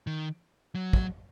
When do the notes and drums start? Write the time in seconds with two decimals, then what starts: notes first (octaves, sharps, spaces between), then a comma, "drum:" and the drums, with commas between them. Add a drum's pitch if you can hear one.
0.07 D#3
0.75 F#3
0.93 drum: kick